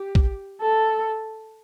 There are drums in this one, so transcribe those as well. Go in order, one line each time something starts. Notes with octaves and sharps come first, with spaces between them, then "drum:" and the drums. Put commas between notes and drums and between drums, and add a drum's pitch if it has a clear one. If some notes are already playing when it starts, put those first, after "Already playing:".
Already playing: G4
drum: kick A#1
A4